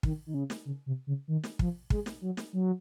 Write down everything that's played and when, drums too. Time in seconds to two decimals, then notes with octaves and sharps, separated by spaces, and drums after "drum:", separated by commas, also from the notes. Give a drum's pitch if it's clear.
0.03 D#3, drum: kick
0.27 D#3
0.34 C#3
0.50 drum: snare
0.65 C#3
0.86 C3
1.07 C#3
1.28 D#3
1.43 drum: snare
1.59 F3, drum: kick
1.90 G#3, drum: kick
2.06 drum: snare
2.21 F#3
2.37 drum: snare
2.53 F#3